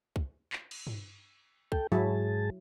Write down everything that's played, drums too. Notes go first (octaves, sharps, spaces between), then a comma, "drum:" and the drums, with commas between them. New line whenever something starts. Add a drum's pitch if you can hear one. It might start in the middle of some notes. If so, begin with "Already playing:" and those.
drum: kick
drum: clap
drum: cymbal
drum: tom G2
A4 G5, drum: kick
G#2 F#3 E4 G#4 A5